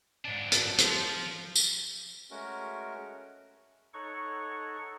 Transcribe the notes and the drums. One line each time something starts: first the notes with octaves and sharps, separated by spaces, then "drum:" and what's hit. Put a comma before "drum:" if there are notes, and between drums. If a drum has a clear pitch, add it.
G#2 D4
drum: hi-hat
F3, drum: hi-hat
drum: tambourine
G#3 A3 C#4 F#4 A#4
D#4 A4 C#5 F#5 C#6